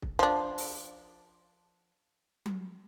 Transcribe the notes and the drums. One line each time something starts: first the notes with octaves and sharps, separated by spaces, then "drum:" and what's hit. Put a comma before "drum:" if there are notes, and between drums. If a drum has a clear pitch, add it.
drum: kick
F3 D4
drum: open hi-hat
drum: tom F#3